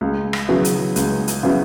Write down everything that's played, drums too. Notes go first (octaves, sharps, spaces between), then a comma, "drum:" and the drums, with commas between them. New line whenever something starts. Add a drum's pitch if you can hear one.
C#2
drum: rim click
C#3 F#3 B3 E4
drum: hi-hat
C#2, drum: hi-hat
drum: hi-hat
C#3 F#3 B3 E4